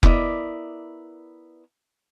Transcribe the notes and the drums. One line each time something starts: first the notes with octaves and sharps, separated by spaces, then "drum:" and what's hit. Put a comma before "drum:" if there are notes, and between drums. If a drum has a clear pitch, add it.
B3 E4 A#4 B4 D5 D#5, drum: kick F1